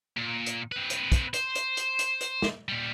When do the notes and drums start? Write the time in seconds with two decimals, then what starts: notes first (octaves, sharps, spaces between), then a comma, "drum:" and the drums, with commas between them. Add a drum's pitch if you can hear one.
0.17 A#2
0.46 drum: hi-hat
0.72 C4 B4
0.90 drum: hi-hat
1.12 drum: kick, hi-hat
1.33 C5, drum: hi-hat
1.55 drum: hi-hat
1.77 drum: hi-hat
1.99 drum: hi-hat
2.21 drum: hi-hat
2.42 drum: snare
2.68 A#2 G3